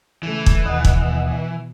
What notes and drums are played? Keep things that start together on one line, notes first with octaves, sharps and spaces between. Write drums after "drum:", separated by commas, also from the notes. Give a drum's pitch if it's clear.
C#3 E3 A3
drum: kick
D#2 B2 D#5 F#5
drum: kick